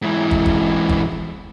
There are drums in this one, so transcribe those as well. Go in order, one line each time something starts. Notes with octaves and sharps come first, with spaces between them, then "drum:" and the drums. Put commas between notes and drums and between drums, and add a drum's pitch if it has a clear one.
G#2 E3
drum: kick
drum: kick
drum: kick